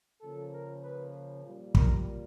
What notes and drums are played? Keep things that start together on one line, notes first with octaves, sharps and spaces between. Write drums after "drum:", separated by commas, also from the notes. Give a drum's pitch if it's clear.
C#3 F3 A#3 A4
A#4
B4
A#2 G3 A#3
A#4, drum: kick